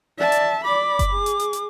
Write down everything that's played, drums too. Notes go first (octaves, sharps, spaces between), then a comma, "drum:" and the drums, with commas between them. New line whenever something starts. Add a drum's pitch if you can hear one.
D5 E5 A5
drum: hi-hat
D5 B5 D6
drum: kick F#1, hi-hat
G#4
drum: hi-hat
drum: hi-hat
drum: hi-hat